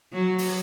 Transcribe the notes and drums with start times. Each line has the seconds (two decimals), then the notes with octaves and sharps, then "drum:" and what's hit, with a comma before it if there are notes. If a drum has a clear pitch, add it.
0.13 F#3
0.38 drum: open hi-hat